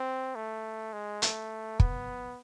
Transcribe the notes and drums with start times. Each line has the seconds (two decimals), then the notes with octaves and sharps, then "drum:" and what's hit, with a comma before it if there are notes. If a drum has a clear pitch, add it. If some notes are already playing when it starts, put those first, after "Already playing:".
Already playing: C4
0.35 A3
0.93 G#3
1.22 A3, drum: hi-hat
1.80 B3, drum: kick